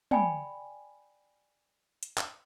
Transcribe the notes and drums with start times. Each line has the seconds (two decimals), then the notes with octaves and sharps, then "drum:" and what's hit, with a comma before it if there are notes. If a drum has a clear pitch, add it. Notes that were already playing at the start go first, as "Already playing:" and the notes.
0.11 D5 G5 G#5 B5, drum: tom
2.03 drum: hi-hat
2.18 drum: clap